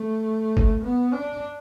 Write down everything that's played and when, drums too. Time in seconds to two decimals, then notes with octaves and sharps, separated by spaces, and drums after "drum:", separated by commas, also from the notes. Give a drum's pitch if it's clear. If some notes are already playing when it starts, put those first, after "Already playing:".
Already playing: A3
0.57 drum: kick
0.84 B3
1.13 D4